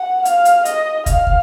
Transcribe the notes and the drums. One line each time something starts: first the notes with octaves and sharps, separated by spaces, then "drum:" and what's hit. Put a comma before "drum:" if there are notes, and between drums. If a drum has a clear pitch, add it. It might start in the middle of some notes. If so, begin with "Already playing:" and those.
Already playing: F#5
F5, drum: hi-hat
drum: hi-hat
D#5, drum: hi-hat
F5, drum: kick, hi-hat
drum: kick